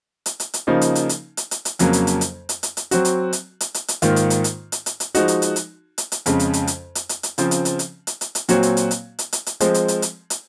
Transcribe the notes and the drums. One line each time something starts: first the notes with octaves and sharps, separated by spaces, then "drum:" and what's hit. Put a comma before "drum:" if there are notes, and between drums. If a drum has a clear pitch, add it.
drum: hi-hat
drum: hi-hat
drum: hi-hat
C#3 F3 A#3 D#4
drum: hi-hat
drum: hi-hat
drum: hi-hat
drum: hi-hat
drum: hi-hat
drum: hi-hat
F2 C#3 F#3 A#3, drum: hi-hat
drum: hi-hat
drum: hi-hat
drum: hi-hat
drum: hi-hat
drum: hi-hat
drum: hi-hat
F#3 C4 F#4, drum: hi-hat
drum: hi-hat
drum: hi-hat
drum: hi-hat
drum: hi-hat
drum: hi-hat
G#2 D#3 A#3 F4, drum: hi-hat
drum: hi-hat
drum: hi-hat
drum: hi-hat
drum: hi-hat
drum: hi-hat
drum: hi-hat
F3 G#3 D#4 F#4, drum: hi-hat
drum: hi-hat
drum: hi-hat
drum: hi-hat
drum: hi-hat
drum: hi-hat
F2 C#3 G#3, drum: hi-hat
drum: hi-hat
drum: hi-hat
drum: hi-hat
drum: hi-hat
drum: hi-hat
drum: hi-hat
C#3 F3 C4, drum: hi-hat
drum: hi-hat
drum: hi-hat
drum: hi-hat
drum: hi-hat
drum: hi-hat
drum: hi-hat
A#2 F#3 C4 F#4 C#5, drum: hi-hat
drum: hi-hat
drum: hi-hat
drum: hi-hat
drum: hi-hat
drum: hi-hat
drum: hi-hat
F3 G#3 C4, drum: hi-hat
drum: hi-hat
drum: hi-hat
drum: hi-hat
drum: hi-hat